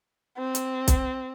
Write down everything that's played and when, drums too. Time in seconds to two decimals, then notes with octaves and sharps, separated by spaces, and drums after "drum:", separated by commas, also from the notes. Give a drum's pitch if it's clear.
0.38 C4
0.55 drum: hi-hat
0.88 drum: kick B1, hi-hat